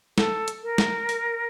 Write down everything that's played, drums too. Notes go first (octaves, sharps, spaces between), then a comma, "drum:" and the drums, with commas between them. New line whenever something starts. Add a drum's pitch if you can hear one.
A4, drum: snare
drum: hi-hat
A#4
drum: snare
drum: open hi-hat